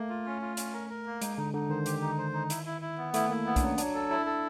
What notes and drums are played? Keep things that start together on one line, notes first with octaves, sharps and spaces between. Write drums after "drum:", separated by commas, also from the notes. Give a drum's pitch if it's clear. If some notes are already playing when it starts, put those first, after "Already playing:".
Already playing: A3 A#3
F4
C#4
F4
C#4, drum: hi-hat
A#4
A#4
A#3
G#3 D#4, drum: hi-hat
D3 D#4
D3 D#4
D#3 C5
G4, drum: hi-hat
D#4
C5
D#4
E4, drum: hi-hat
E4
E4
B3
A3 E4, drum: hi-hat
A#3 E4
B3
D4, drum: kick, hi-hat
F#3 C#4
F#3 D4, drum: hi-hat
A4
E4
A4